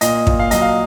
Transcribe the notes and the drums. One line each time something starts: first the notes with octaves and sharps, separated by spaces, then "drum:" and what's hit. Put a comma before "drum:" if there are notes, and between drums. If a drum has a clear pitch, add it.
A#2 D#5, drum: hi-hat
A#2, drum: kick
F5
F#3 D#5, drum: hi-hat
F5